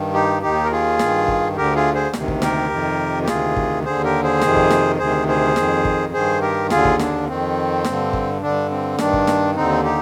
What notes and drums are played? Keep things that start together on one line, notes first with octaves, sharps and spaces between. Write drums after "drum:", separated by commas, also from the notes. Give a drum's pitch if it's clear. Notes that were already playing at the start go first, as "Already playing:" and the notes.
Already playing: G2 D#3
D#4 G4
D#2 D#3 D#4 G4
A#4
F4 G#4
G2 D#3, drum: snare
drum: kick
D2 D3 G4 A#4
F4 G#4
G#4 C5
D2 C3 D#3, drum: snare
drum: kick
G4 A#4, drum: snare
F2 C3 D#3
G4
D2 C3 D#3 F4 G#4, drum: snare
drum: kick
D#2 D3 G#4 C5
G4 A#4
G#4 C5
F2 C3 D#3, drum: snare
drum: kick
drum: snare
D2 C3 D#3 G#4 C5
G#4 C5
F2 D#3, drum: snare
drum: kick
G2 D#3 G#4 C5
G4 A#4
D#2 D3 F4 G#4, drum: snare
drum: kick
D4, drum: snare
F2 D#3 C4
G2 D3, drum: snare
drum: kick
G2 D3 D4
C4
G2 D#3 D4, drum: snare
drum: kick
drum: snare
D#2 D3 C4 D#4
D#4 G4